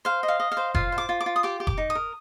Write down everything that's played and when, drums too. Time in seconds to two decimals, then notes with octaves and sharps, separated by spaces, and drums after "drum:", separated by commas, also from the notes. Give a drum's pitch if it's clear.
0.05 C5 F5
0.23 D#5
0.28 F5
0.40 D#5
0.52 F5
0.57 C5
0.75 F4 F5, drum: kick F1
0.92 C5
0.98 D6
1.09 F4
1.21 D6
1.26 F4
1.36 D#6
1.43 G4 D6
1.60 G4
1.67 D6, drum: kick F1
1.77 D#4
1.90 D#6
1.95 A#4